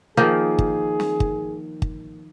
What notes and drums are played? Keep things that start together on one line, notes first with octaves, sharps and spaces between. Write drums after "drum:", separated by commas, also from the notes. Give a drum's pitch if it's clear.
D#3 F3 A#3 G#4
drum: kick
drum: snare
drum: kick
drum: kick